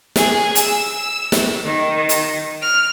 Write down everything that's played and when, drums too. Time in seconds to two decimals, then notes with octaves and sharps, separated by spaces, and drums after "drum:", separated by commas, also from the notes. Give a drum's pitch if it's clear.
0.16 G#4, drum: snare
0.55 E6, drum: hi-hat
1.32 drum: snare
1.66 D#3
2.09 drum: hi-hat
2.61 F6